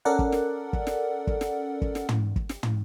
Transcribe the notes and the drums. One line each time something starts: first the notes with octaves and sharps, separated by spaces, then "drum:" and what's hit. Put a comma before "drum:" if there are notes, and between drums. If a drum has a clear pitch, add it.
C#4 A4 A#4 D5 F#5
drum: kick
drum: snare
drum: kick
drum: snare
drum: kick
drum: snare
drum: kick
drum: snare
drum: tom
drum: kick
drum: snare
drum: tom